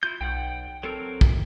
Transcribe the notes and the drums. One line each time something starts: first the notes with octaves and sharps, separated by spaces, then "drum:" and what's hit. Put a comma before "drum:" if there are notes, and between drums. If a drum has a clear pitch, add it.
E4 F4 G6
B1 F#5 G5
F#3 C4 A4 A#4
drum: kick